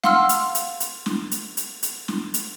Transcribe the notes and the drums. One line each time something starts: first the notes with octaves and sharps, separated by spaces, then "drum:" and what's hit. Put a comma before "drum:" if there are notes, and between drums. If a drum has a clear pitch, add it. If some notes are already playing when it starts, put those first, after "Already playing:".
F5 F#5 C6 E6 F6, drum: snare
drum: hi-hat
drum: hi-hat
drum: hi-hat
drum: snare
drum: hi-hat
drum: hi-hat
drum: hi-hat
drum: snare
drum: hi-hat